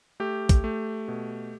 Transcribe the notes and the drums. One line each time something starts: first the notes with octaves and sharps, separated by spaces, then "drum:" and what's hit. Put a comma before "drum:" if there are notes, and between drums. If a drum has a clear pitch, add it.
A3 G4
drum: kick, hi-hat
A3
B2